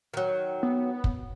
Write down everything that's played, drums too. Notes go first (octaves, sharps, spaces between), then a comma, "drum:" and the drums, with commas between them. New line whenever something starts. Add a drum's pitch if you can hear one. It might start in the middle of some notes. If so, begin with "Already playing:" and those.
D#3 F#3
B3
drum: kick